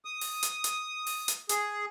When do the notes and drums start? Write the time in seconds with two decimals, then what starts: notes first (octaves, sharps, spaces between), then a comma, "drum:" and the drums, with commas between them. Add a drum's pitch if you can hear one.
0.05 D#6
0.21 drum: open hi-hat
0.43 drum: hi-hat
0.64 drum: hi-hat
1.07 drum: open hi-hat
1.28 drum: hi-hat
1.49 G#4, drum: hi-hat